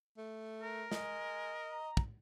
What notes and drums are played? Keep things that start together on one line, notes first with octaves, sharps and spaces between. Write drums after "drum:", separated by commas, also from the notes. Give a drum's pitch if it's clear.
A3
A#4
G#3 D#5, drum: snare
A#5
drum: kick